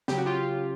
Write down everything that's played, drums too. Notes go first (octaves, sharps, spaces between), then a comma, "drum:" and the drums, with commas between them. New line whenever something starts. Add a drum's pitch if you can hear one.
C#3 F#3 G4, drum: snare
F#4
F4 G4